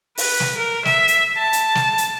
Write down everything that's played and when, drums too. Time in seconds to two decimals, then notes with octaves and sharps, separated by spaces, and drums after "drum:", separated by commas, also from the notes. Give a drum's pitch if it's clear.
0.17 B4, drum: open hi-hat
0.40 drum: snare
0.57 A#4
0.85 E5, drum: snare
1.08 drum: hi-hat
1.38 A5
1.53 drum: hi-hat
1.75 drum: snare
1.98 drum: hi-hat